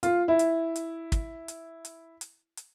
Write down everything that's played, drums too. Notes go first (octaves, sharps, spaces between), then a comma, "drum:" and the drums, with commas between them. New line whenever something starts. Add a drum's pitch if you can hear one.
F4, drum: hi-hat
E4
drum: hi-hat
drum: hi-hat
drum: kick, hi-hat
drum: hi-hat
drum: hi-hat
drum: hi-hat
drum: hi-hat